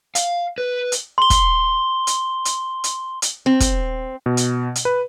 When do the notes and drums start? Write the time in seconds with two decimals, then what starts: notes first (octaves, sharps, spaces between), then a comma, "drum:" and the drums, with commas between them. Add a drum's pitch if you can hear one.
0.15 F5, drum: hi-hat
0.58 B4
0.92 drum: hi-hat
1.18 C6 G7
1.30 drum: kick, hi-hat
2.07 drum: hi-hat
2.45 drum: hi-hat
2.84 drum: hi-hat
3.22 drum: hi-hat
3.46 C4
3.60 drum: kick, hi-hat
4.26 B2
4.37 drum: hi-hat
4.75 drum: hi-hat
4.85 B4